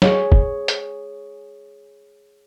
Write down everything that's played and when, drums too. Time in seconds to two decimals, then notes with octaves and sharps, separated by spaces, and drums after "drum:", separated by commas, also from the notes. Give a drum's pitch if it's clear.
0.02 G#4 C#5, drum: snare
0.32 drum: kick
0.68 drum: hi-hat